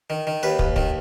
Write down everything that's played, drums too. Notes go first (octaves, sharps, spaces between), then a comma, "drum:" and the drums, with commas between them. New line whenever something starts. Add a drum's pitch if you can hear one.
D#3
D#3
D#2 B4
D#2, drum: kick
D#3, drum: kick